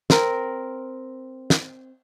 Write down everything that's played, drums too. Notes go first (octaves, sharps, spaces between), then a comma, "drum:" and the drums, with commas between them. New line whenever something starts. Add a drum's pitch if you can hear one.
C4 A#4, drum: snare
drum: snare